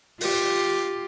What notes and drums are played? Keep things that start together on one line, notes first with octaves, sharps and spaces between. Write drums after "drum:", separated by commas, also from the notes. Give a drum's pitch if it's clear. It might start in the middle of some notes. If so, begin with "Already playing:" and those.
F4 G4, drum: open hi-hat